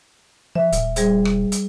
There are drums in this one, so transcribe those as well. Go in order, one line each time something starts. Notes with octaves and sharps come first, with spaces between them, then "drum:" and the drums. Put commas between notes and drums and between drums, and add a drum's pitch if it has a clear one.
F3 E5
D#1, drum: hi-hat
G3 G#4 C5, drum: hi-hat
drum: rim click
drum: hi-hat